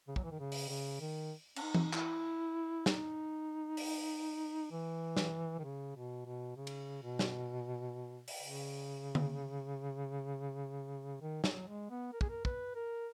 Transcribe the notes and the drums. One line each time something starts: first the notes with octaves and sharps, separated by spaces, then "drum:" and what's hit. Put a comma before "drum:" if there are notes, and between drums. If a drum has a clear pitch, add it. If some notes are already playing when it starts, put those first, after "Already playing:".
C#3
F#3, drum: kick
E3
D#3
C#3
drum: open hi-hat
C#3
D#3
C#4, drum: cymbal
D#4
drum: tom E3
E4, drum: clap
D#4, drum: snare
drum: open hi-hat
E3
drum: snare
D#3
C#3
B2
B2
C#3
drum: cymbal
B2
drum: snare
drum: open hi-hat
C#3
drum: tom D3
D#3
F#3, drum: snare
G#3
B3
A#4
G#4, drum: kick
A#4
B4, drum: kick
A#4